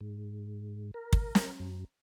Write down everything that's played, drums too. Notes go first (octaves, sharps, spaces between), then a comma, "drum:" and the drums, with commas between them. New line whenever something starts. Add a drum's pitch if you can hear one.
G#2
A#4
drum: kick
drum: snare
F#2